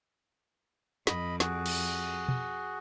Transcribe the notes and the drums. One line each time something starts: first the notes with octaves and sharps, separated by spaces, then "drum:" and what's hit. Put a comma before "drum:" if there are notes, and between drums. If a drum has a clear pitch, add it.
F2 D#5 B5, drum: snare
F#4 G#4, drum: snare
drum: cymbal
drum: tom B2